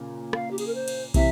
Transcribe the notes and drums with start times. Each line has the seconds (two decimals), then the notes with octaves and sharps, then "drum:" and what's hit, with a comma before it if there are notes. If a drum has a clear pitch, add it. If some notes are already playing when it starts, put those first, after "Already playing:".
Already playing: A#2 C#3
0.33 F5, drum: rim click
0.51 G4
0.58 G#4, drum: cymbal
0.67 A#4
0.74 C5
0.88 drum: cymbal
1.14 C3 E3 E5, drum: kick, cymbal